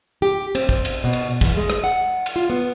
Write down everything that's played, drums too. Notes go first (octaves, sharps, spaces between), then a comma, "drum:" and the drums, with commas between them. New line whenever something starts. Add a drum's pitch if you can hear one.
G4
C4, drum: cymbal
C4, drum: kick
drum: cymbal
B2
drum: cymbal
E2, drum: kick, cymbal
G#3
drum: rim click
F#5
drum: cymbal
F4
B3